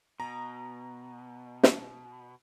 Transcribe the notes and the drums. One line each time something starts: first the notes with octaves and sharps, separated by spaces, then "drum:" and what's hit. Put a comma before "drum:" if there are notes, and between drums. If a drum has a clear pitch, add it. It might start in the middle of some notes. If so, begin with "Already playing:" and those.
B2 A#5
drum: snare